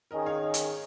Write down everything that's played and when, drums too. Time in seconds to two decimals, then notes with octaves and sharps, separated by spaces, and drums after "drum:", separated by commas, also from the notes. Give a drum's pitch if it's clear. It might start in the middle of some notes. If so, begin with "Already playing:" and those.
0.11 D#3 C#4 G#4 A#4 D#5
0.26 C#5 F5
0.54 drum: hi-hat